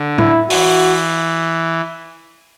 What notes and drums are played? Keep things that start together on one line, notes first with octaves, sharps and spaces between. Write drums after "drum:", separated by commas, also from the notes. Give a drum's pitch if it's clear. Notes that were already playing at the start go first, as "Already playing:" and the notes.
Already playing: D3
E4, drum: tom A2
E3 F#4, drum: open hi-hat